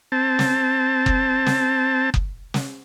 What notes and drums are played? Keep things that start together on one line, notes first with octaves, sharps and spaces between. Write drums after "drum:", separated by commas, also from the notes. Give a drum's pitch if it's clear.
C4 A5
drum: snare
drum: kick F#1
drum: snare
drum: kick F#1
drum: snare